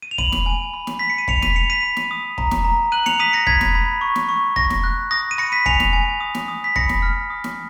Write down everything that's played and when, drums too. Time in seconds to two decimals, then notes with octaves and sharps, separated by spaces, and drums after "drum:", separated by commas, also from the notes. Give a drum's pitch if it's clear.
0.02 D#7
0.11 F7
0.18 B5 D#7 F#7, drum: kick
0.32 drum: snare
0.46 G#5
0.74 B5
0.87 drum: snare
0.99 B5 B6
1.10 C#7
1.18 D#7
1.28 B5 C#7 F7, drum: kick
1.42 B6 D#7, drum: snare
1.55 B5 C#7 F7
1.70 B6 D#7
1.83 B5
1.97 drum: snare
2.11 D#6
2.38 A#5, drum: kick
2.51 drum: snare
2.64 A#5
2.92 F#6 D#7 F#7
3.06 C#7 F7, drum: snare
3.20 D#6 B6 D#7
3.33 A#6 C#7
3.47 B5 G#6 B6, drum: kick
3.61 drum: snare
3.75 B5
4.01 C#6
4.16 drum: snare
4.29 C#6
4.56 C#6 A#6, drum: kick
4.70 drum: snare
4.84 F#6
5.11 D#6 A#6
5.31 D#7
5.38 B5 A#6 C#7
5.52 B6 D#7
5.66 G#5 C#7 F7, drum: kick
5.80 drum: snare
5.93 G#5
6.20 D#6
6.35 drum: snare
6.48 D#6
6.64 B6
6.76 B5 A#6 C#7, drum: kick
6.89 drum: snare
7.02 F6
7.30 D#6
7.44 drum: snare